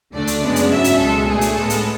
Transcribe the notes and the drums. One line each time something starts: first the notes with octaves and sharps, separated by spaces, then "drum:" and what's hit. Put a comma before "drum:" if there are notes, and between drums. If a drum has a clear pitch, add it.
D2 D3 A3 D4 D5
drum: hi-hat
F#2 C#3 G#3 B3 D4
drum: hi-hat
G#2 F#3 C#4 E5
drum: hi-hat
C#2 B2 G#3 A4
B2 A3 D4 G#4
drum: hi-hat
A2 G#3 B3 A4
drum: hi-hat